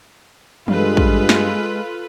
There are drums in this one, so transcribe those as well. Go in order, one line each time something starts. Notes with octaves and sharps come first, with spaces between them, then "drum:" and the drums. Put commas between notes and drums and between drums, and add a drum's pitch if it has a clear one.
G2 G#3 F4 A4 B4, drum: tom
drum: kick
drum: snare